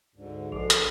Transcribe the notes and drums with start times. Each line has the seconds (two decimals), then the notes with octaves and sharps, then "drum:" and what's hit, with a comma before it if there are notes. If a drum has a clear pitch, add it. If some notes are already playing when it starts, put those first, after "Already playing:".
0.15 D2 G#2 D3
0.52 A#1 B2 F3 G#3 D4 G#4 A4
0.70 drum: hi-hat